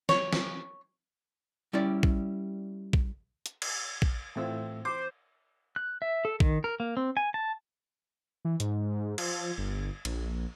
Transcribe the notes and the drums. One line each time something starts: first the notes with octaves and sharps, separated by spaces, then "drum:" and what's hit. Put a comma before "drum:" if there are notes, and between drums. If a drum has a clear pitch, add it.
C#5, drum: snare
drum: snare
G3 C#4 E4 G4 D5
drum: kick
drum: kick
drum: hi-hat
drum: cymbal
drum: kick
A2 E3 A3 C4 F4 E6
C5 D6
F#6
E5
A4
D#3, drum: kick
A#4
A#3
C4
G#5
A5
E3
G#2, drum: hi-hat
F3, drum: cymbal
G1
A#1, drum: cymbal